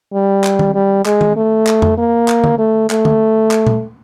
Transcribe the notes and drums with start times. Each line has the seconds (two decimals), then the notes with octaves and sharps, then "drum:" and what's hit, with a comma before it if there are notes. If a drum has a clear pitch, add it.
0.14 G3
0.44 drum: clap
0.59 drum: tom
0.75 G3
1.06 G#3, drum: clap
1.21 drum: tom
1.37 A3
1.67 drum: clap
1.82 drum: tom F2
1.98 A#3
2.28 drum: clap
2.44 drum: tom
2.58 A3
2.90 A3, drum: clap
3.05 drum: tom
3.51 drum: clap
3.67 drum: tom A#2